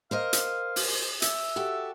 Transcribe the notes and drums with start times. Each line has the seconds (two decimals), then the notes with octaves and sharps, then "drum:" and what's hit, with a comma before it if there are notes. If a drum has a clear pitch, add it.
0.11 A#4 C5 D#5 F5
0.33 drum: hi-hat
0.76 drum: open hi-hat
1.22 E5, drum: hi-hat
1.56 F#4 G4 A4